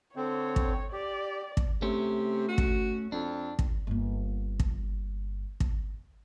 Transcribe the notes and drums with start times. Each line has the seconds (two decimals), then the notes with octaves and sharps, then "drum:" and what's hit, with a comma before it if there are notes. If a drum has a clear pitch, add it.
0.16 D3 C4 C#5
0.56 drum: kick
0.93 G4 D5
1.57 drum: kick
1.82 C3 A3 C#4
2.48 F#4
2.58 drum: kick
3.12 F2 D4
3.59 drum: kick
3.87 G1 A#3
4.60 drum: kick
5.60 drum: kick